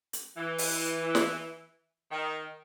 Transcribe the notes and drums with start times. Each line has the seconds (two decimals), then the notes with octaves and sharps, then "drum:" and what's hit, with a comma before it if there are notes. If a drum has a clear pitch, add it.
0.13 drum: hi-hat
0.35 E3
0.58 drum: open hi-hat
1.15 drum: snare
2.10 D#3